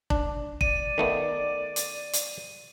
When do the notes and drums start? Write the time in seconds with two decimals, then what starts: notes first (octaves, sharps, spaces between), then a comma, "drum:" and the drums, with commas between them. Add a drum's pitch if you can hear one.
0.10 D4, drum: kick
0.61 D5 D#7, drum: kick
0.98 D#3 A3 B3
1.76 drum: hi-hat
2.13 drum: hi-hat